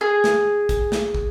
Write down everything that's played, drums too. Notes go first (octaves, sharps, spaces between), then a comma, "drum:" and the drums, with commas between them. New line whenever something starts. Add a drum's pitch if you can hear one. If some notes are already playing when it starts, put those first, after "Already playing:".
G#4
drum: snare
drum: kick, hi-hat
drum: snare
drum: kick